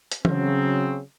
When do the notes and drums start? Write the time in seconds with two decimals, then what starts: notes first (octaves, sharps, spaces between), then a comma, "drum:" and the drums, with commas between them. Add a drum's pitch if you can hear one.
0.12 drum: hi-hat
0.25 C#3 F#3 C4, drum: tom